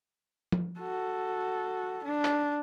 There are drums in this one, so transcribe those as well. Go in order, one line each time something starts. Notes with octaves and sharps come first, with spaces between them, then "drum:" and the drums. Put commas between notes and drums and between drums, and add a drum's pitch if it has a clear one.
drum: tom
F#4 A4
D4
drum: clap